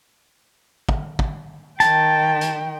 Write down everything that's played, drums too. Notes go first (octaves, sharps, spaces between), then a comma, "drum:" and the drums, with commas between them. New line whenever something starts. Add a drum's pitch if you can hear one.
drum: kick
drum: kick
D#3 G5 A5, drum: hi-hat
drum: hi-hat